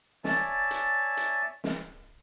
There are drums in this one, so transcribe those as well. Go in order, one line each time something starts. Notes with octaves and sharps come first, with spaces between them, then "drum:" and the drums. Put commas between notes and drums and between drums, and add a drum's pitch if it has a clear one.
C#5 D5 E5 G#5 A5, drum: snare
drum: hi-hat
drum: hi-hat
drum: snare